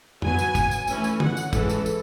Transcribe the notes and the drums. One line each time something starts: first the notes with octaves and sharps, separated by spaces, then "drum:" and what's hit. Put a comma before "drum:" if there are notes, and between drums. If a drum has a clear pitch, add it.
F#3 B3 G#5, drum: tom
drum: tambourine
drum: kick, tambourine
drum: tambourine
E3 A3 C#4 G#5, drum: tambourine
drum: tambourine
F#5, drum: tom
drum: tambourine
E3 G#3 C#4 A4, drum: kick, tambourine
drum: tambourine
drum: tambourine